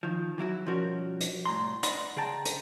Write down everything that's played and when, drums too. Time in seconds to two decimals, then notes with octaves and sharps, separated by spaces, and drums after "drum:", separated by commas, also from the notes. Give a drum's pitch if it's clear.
0.03 D#3 F3
0.38 E3 F#3 E4 F#4
0.66 B2 F3 G3 C#4 F#4 A#4
1.21 drum: hi-hat
1.46 C2 A2 A#5 C6
1.83 D5 D#5 F#5 B5 C6, drum: hi-hat
2.16 C#3 G#4 G5 A5 A#5
2.45 drum: hi-hat